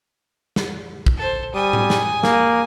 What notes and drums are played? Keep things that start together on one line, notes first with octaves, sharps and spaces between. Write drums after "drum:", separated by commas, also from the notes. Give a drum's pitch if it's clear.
drum: snare
drum: kick
A4 C5
G3 G#5 D#6
drum: tom A2
drum: snare
A#3, drum: snare